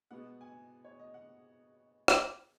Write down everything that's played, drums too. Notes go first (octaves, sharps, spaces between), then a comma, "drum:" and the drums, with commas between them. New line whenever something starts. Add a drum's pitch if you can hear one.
B2 G#3 B3 F#5
G#5
C#5
D#5
F#5
drum: rim click